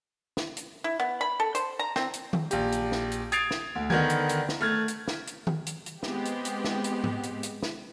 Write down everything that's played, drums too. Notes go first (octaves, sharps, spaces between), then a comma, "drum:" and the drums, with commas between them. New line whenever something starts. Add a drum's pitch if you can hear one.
drum: snare
drum: hi-hat
E4
B3
B5
A4
C5, drum: hi-hat
A#5
C4, drum: snare
drum: hi-hat
drum: tom D#3
A#1 G4, drum: hi-hat
drum: hi-hat
drum: snare
drum: hi-hat
D#6 G#6 A6 C7 D7 F7, drum: hi-hat
drum: snare
D2
D3 D#3 B3 A#4 G#6, drum: tom D#3
drum: hi-hat
drum: hi-hat
drum: snare
A3 F6 G#6
drum: hi-hat
drum: snare
drum: hi-hat
drum: tom D#3
drum: hi-hat
drum: hi-hat
G#3 B3 C4 G4, drum: snare
drum: hi-hat
drum: hi-hat
drum: snare
drum: hi-hat
drum: tom G#2
drum: hi-hat
drum: hi-hat
drum: snare